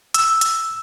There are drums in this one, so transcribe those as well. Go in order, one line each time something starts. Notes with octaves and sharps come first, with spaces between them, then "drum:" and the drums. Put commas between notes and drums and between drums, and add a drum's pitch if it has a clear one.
E6, drum: hi-hat
drum: hi-hat